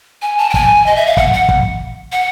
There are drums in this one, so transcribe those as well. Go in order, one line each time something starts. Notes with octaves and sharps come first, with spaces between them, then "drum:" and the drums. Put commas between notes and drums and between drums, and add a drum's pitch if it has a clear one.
G#5
A5
G5
G#5, drum: kick
D#5
E5
F5
F#5, drum: kick
F#5
drum: kick
F#5